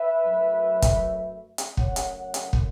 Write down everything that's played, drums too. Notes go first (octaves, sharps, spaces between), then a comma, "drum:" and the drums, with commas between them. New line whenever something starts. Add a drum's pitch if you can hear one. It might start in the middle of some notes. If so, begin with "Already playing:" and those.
Already playing: B4 E5
F#2 F#3 A3
drum: kick, hi-hat
drum: hi-hat
F#2 C#3 A3 C#5 F#5, drum: kick
drum: hi-hat
C#5 F#5
drum: hi-hat
drum: kick